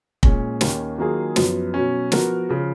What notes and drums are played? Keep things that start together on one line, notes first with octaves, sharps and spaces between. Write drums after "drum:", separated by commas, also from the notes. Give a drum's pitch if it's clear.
A#2 G#3 C#4, drum: kick
D#2 D#3 A#3 C#4, drum: snare
D#3 F#3 A#3 F4 G#4
F#2 F3 B3, drum: snare
B2 F#3 C#4
F3 B3 F#4 A#4, drum: snare
C#3 F3